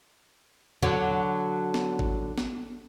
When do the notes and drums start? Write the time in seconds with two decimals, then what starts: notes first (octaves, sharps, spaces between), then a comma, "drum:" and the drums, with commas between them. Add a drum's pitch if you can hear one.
0.83 D3 F#3, drum: tom
1.74 drum: snare B3
1.99 drum: kick G#1
2.38 drum: snare B3